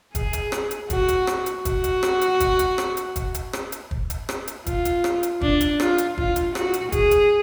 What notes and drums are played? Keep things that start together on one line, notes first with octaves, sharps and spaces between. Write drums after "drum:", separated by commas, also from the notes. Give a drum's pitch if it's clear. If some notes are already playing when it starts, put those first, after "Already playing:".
G#4, drum: kick, hi-hat
drum: hi-hat
drum: rim click
drum: hi-hat
F#4, drum: kick, hi-hat
drum: hi-hat
drum: rim click
drum: hi-hat
F#4, drum: kick, hi-hat
drum: hi-hat
drum: rim click
drum: hi-hat
drum: kick, hi-hat
drum: hi-hat
drum: rim click
drum: hi-hat
drum: kick, hi-hat
drum: hi-hat
drum: rim click
drum: hi-hat
drum: kick
drum: hi-hat
drum: rim click
drum: hi-hat
F4, drum: kick, hi-hat
drum: hi-hat
drum: rim click
drum: hi-hat
D4, drum: kick
drum: hi-hat
F4, drum: rim click
drum: hi-hat
F4, drum: kick
drum: hi-hat
F#4, drum: rim click
drum: hi-hat
G#4, drum: kick, hi-hat
drum: hi-hat